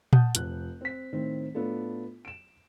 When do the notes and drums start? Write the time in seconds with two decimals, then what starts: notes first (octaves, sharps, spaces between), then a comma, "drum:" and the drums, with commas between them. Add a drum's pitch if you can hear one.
0.13 F#5 A5 D#6 G6, drum: tom A#2
0.35 F1 F2 F#6, drum: hi-hat
0.81 C4 B6
1.13 A2 D#3 C4
1.55 A2 B3 D4 F4 A4
2.25 D7 E7